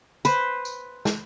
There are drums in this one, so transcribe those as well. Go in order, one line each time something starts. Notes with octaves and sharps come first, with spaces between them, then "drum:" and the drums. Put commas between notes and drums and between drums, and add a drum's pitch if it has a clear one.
B4 C5, drum: tambourine
drum: tambourine
drum: snare